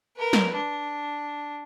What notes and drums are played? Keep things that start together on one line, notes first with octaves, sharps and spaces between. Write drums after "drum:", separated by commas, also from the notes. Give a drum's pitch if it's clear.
A#4 B4
drum: snare
D4